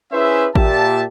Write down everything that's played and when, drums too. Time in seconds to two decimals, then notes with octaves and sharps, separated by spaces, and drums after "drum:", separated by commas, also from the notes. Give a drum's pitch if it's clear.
0.12 C#4 E4 G#4 B4 C5 E5
0.55 A#2 G4 E5 A5, drum: kick A1